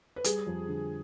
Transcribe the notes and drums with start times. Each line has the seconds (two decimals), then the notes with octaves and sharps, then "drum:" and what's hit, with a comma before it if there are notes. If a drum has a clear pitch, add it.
0.16 B4
0.24 G3 G#4, drum: hi-hat
0.46 F2
0.68 D3